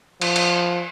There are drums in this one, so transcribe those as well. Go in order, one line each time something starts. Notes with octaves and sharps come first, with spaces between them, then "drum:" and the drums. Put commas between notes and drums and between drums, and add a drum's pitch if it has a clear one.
F3, drum: cymbal
drum: cymbal